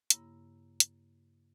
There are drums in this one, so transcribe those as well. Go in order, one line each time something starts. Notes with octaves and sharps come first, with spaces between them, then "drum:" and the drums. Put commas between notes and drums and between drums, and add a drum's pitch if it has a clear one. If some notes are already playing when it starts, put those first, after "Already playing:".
G2 C#3 A#3 E4, drum: hi-hat
drum: hi-hat